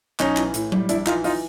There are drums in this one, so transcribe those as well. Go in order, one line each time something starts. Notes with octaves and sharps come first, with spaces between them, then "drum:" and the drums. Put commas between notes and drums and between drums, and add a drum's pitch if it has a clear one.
B1 C#4 D#4, drum: clap
E3, drum: clap
A2, drum: hi-hat
G3, drum: tom F#3
A#1 D4 E4, drum: hi-hat
E3 D#4 F4, drum: clap
D#4 F4, drum: open hi-hat